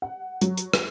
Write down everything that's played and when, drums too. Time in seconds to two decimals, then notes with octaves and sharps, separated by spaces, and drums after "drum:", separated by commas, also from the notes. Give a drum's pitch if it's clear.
0.02 F#5
0.41 F#3, drum: hi-hat
0.57 drum: hi-hat
0.74 drum: rim click